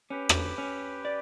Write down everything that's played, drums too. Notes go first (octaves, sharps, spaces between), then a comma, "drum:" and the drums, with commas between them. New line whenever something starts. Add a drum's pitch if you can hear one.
C#4 G4 B4
drum: rim click
C#4
D5